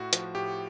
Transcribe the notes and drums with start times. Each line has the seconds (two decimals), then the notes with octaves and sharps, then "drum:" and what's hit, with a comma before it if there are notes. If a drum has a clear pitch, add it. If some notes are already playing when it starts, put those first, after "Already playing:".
Already playing: A2 F#4
0.13 F3, drum: hi-hat
0.35 A2 G4